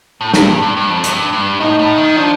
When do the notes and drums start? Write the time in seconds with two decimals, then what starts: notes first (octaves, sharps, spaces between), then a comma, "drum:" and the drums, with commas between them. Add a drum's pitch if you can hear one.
0.21 A2
0.34 A#2, drum: snare
0.48 G2
0.62 G2
0.77 G2
0.90 F2
1.04 G2, drum: hi-hat
1.33 G2
1.60 A2 D#4
1.79 A2
1.98 D#3
2.16 F3 D4